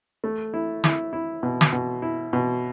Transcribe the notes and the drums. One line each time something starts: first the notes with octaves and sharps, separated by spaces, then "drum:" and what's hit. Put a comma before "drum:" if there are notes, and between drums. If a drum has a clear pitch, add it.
A3
E4
E4, drum: snare
E4
B2
drum: snare
B2
E4
B2